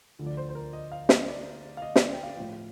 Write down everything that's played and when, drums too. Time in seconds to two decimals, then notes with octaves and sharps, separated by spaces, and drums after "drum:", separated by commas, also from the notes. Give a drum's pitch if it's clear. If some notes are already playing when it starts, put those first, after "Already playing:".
0.19 D2 D3 F3
0.26 D5
0.37 C5
0.49 C5
0.55 A#4
0.73 D#5
0.92 F5
1.09 D#5, drum: snare
1.28 D5
1.77 F5
1.82 D#5
1.96 D5, drum: snare
2.13 G5
2.23 F5
2.36 A2 F3